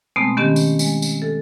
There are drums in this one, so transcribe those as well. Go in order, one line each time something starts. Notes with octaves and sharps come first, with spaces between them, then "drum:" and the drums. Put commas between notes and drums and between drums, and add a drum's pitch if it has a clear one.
B2 G#3 A3 B3 C4
D#3 B3 C#4 G4
drum: tambourine
G#3, drum: tambourine
drum: tambourine
A4